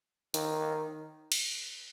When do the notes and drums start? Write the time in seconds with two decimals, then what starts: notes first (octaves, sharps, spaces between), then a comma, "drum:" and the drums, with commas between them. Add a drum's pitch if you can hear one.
0.34 D#3, drum: hi-hat
1.32 drum: cymbal